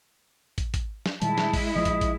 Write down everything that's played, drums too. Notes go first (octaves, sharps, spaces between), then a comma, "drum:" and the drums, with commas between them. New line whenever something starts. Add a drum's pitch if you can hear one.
drum: kick, hi-hat
drum: kick, hi-hat
drum: snare
A#2 D#3 G3 G#3 E4 A5, drum: hi-hat
drum: snare
drum: kick, open hi-hat
A#1 F3 D#5
drum: kick, hi-hat
drum: kick, hi-hat